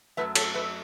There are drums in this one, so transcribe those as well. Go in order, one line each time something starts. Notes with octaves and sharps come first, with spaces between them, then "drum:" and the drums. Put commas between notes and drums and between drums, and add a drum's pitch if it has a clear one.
F#2 F#3 A3 B4 E5
A4 C#5, drum: cymbal
B4 E5